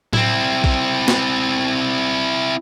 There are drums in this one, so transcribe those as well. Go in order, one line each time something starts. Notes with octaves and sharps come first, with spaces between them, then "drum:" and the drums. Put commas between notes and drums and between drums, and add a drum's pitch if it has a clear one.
C4 E4, drum: tom A2
drum: kick A#1
drum: snare